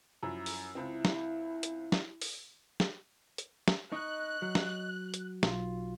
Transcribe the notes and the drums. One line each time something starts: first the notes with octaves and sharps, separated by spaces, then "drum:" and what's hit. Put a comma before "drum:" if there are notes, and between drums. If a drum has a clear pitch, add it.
F#2 F3 E4
drum: open hi-hat
C#2 C4 E4
drum: snare
drum: hi-hat
drum: snare
drum: open hi-hat
drum: snare
drum: hi-hat
drum: snare
D#4 D#5 C#6 F#6
F#3
drum: snare
drum: hi-hat
B1 F4, drum: snare